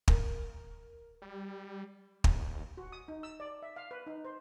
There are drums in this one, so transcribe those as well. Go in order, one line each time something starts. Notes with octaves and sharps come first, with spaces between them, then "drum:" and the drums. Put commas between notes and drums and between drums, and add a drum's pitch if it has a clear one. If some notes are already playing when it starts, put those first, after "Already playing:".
A#4, drum: kick
G3
D#2, drum: kick
F#4
D#6
D#4
E6
D5
E5
F5
B4
D#4
C5